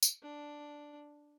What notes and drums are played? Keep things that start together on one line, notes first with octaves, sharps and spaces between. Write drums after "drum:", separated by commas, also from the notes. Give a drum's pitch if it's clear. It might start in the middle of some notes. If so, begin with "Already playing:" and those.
drum: tambourine
D4